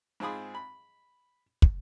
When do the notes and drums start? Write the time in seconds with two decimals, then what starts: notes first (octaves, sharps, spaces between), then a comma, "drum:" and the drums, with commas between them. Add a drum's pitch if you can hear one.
0.20 G#2 C4 F4 G#4 B5 D#6
0.55 B5
1.62 drum: kick